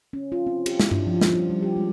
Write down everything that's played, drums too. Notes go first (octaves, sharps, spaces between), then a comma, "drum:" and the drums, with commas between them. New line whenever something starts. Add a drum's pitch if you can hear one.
C#4
F4
C4
G4, drum: cymbal
E4, drum: snare
D4, drum: tom G2
F3
C#4, drum: snare
G3
G3
G4
G#3